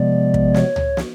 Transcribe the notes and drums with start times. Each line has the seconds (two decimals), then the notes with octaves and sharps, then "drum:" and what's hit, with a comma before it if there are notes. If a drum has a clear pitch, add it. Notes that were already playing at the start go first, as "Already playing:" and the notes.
Already playing: C3 F3 G#3 B3 D5
0.34 drum: kick
0.54 C#5, drum: snare
0.76 drum: tom C#2
0.97 drum: snare